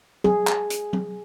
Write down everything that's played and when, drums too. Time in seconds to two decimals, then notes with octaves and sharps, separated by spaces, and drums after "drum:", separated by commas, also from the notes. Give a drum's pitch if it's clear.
0.24 G#4, drum: tom F#3
0.47 drum: clap
0.70 drum: hi-hat
0.93 drum: tom F#3